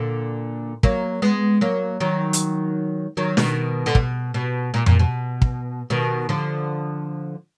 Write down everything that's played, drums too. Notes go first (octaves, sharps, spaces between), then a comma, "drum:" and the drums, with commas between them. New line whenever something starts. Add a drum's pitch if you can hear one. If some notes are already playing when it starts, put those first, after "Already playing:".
Already playing: A#2 D3
F#3 A#3, drum: kick
G#3 B3
F#3 A#3
D#3 F#3
drum: hi-hat
D#3 F#3
B2 D#3, drum: snare
D3
B2, drum: kick
B2
A#2
A#2, drum: tom F2
B2
drum: kick
B2 D#3
D3 F3